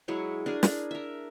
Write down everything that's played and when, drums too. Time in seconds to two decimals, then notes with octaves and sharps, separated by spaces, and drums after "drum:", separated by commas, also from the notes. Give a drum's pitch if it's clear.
0.08 F#3 G#3 E4 C#5
0.46 D4 G#4 A#4
0.63 drum: snare
0.91 A#4 E5